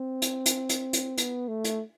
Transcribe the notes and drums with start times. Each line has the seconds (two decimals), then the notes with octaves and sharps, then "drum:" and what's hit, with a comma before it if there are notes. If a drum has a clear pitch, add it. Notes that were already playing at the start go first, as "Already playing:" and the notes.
Already playing: C4
0.22 drum: hi-hat
0.46 drum: hi-hat
0.69 drum: hi-hat
0.93 drum: hi-hat
1.18 B3, drum: hi-hat
1.48 A3
1.64 drum: hi-hat